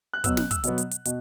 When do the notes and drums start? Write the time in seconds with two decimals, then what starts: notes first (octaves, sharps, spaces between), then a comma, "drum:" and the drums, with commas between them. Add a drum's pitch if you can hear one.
0.13 F#6
0.24 B2 F#3 B3 E6, drum: kick, hi-hat
0.37 F#6, drum: snare
0.51 E6, drum: kick, hi-hat
0.64 B2 F#3 B3, drum: hi-hat
0.78 drum: hi-hat
0.91 drum: hi-hat
1.05 B2, drum: hi-hat